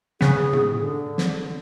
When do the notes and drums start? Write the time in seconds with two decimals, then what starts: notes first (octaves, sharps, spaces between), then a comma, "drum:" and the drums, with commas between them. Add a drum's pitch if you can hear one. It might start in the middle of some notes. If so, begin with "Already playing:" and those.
0.21 C#3 B3 G#4, drum: snare
0.53 drum: tom A2
0.79 D3
1.18 drum: snare